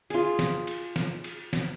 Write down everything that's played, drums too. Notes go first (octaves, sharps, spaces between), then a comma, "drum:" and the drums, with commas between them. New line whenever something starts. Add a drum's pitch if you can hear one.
F4 G#4, drum: cymbal
drum: snare
drum: cymbal
drum: snare
drum: cymbal
drum: snare